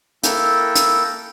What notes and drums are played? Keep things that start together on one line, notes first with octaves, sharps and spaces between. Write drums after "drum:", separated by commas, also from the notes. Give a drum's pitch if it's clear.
A#3 E4 A4 G5, drum: hi-hat
drum: hi-hat